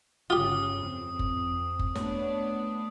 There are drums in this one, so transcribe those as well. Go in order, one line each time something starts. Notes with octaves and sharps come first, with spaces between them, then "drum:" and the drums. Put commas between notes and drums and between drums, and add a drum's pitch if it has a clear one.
G1 C#3 F4 G4 D#6
F2 C4
drum: kick F#1
drum: kick F#1
A3 B3 D4 C#5, drum: snare